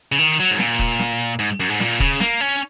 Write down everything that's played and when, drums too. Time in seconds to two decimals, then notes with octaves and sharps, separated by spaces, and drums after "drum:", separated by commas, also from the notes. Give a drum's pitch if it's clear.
0.12 C#3
0.19 D#3
0.39 F#3
0.51 G#2
0.59 A#2, drum: snare
0.79 drum: kick
0.99 drum: snare
1.39 G#2
1.60 F#2
1.70 G#2
1.80 A#2, drum: snare
2.00 C#3, drum: kick
2.20 A#3, drum: snare
2.41 C#4